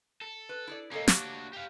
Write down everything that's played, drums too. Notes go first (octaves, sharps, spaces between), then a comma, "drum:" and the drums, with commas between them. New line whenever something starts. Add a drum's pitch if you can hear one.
A4
B4
E4 G#4 D5
A#3 C#4 G#4 A4 D#5
A#3 D4 F#4 G4 C#5, drum: snare
G4 F5